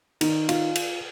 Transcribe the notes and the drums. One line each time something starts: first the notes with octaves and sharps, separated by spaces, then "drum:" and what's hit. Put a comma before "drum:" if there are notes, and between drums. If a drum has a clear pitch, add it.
D#3, drum: cymbal
F4, drum: cymbal
drum: cymbal